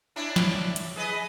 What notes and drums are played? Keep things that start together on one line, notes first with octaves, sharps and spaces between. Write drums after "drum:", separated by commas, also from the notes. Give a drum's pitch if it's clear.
C#4 D4 E4
drum: snare
drum: hi-hat
G#4 B4 D#5